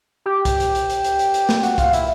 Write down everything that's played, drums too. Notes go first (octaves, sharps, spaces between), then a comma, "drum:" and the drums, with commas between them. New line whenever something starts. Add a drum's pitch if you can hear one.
G4
drum: kick, hi-hat
drum: hi-hat
drum: hi-hat
drum: hi-hat
drum: hi-hat
drum: hi-hat
drum: hi-hat
drum: snare
F#4, drum: hi-hat
F4, drum: kick, hi-hat
E4, drum: hi-hat